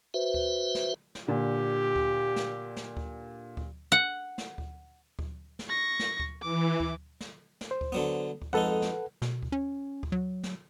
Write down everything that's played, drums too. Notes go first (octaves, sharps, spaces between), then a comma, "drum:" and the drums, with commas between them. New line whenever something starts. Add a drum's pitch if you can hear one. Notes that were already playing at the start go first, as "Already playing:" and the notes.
F#4 B4 C5 E5
drum: kick D2
drum: snare
drum: snare
A#2 D3 G4
drum: kick D2
drum: snare
drum: snare
drum: kick D2
drum: kick D2
F#5
drum: snare
drum: kick D2
drum: kick D2
drum: snare
C#6 A#6
drum: snare
drum: kick D2
E3 D6
drum: kick D2
drum: snare
drum: snare
C5
drum: kick D2
D3 F#3 B3
drum: kick D2
F2 G#3 D#4 A4 B4 F#5
drum: snare
B2, drum: snare
drum: kick D2
C#4
drum: kick D2
F#3
drum: snare